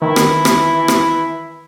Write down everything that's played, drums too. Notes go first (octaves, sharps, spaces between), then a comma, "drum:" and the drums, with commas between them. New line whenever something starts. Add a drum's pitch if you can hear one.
D#3 E3 E4
drum: rim click
drum: rim click
drum: rim click